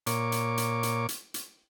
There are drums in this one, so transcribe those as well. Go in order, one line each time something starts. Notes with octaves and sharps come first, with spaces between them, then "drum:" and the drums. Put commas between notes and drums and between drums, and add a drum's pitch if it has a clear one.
A#2 C#5 D6, drum: hi-hat
drum: hi-hat
drum: hi-hat
drum: hi-hat
drum: hi-hat
drum: hi-hat